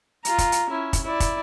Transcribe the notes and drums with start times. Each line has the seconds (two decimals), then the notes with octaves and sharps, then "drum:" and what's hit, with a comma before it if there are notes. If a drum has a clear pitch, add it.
0.25 F4 A#5, drum: hi-hat
0.38 drum: kick, hi-hat
0.52 drum: hi-hat
0.69 C#4 E4
0.93 drum: kick, hi-hat
1.03 E4 D5
1.20 drum: kick, hi-hat